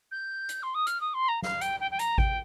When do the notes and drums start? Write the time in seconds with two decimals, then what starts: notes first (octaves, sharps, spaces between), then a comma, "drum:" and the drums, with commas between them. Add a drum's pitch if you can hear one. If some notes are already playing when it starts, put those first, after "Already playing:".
0.11 G6
0.49 drum: hi-hat
0.63 C6
0.74 D#6
0.87 F6, drum: hi-hat
1.01 D#6
1.14 C6
1.28 A#5
1.42 F5, drum: snare
1.61 G5, drum: hi-hat
1.80 G5
1.91 G5
1.99 A#5, drum: hi-hat
2.18 G5, drum: kick G#1